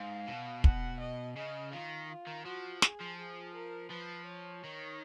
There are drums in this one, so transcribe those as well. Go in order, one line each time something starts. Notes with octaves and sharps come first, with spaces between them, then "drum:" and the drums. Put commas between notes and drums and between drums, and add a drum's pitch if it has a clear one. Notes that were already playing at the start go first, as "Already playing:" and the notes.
Already playing: G#2 F5
B2
F#5, drum: kick
D#5
C#3 D#5
D#3 F4
F4
D#3
F3 F#4
G#4, drum: snare
F3
G#4
A#4
F3 B4
C#5
D#3